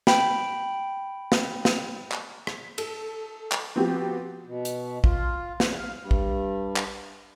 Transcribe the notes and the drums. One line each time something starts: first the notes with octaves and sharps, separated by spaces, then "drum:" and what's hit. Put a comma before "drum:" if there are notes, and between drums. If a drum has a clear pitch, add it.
G5 B5, drum: snare
drum: snare
drum: snare
drum: clap
drum: rim click
A4, drum: cymbal
drum: clap
F3 B3 C4 F#4 G4
B2
drum: hi-hat
F4, drum: kick A1
E2, drum: snare
F5
G2
drum: kick A1
drum: clap